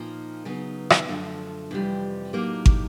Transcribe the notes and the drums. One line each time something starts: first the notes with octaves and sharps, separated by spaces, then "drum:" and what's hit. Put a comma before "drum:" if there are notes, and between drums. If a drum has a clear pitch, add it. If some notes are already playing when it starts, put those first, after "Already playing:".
Already playing: A#2 F3 A#3 D#4
C#3 F#3 B3 D#4
drum: rim click
F#2 D3 F3 A3
F2 C3 E3 G3
A2 F#3 A#3 D#4 G4
drum: kick